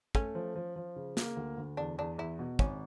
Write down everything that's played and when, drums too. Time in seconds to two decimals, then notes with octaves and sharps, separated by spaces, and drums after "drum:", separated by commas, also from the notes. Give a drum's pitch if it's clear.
0.15 A3 C#4, drum: kick
0.35 F3
0.56 F3
0.76 F3
0.96 C#3
1.17 A#3, drum: snare
1.36 D2
1.58 D2
1.77 E2 D4
1.98 E2 D4
2.18 E2 E4
2.39 B2
2.59 G#1 C#4, drum: kick